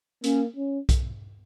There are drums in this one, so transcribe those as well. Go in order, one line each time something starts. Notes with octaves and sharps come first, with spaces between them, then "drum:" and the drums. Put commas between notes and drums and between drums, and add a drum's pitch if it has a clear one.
A#3 C#4, drum: hi-hat
C#4
drum: kick B1, hi-hat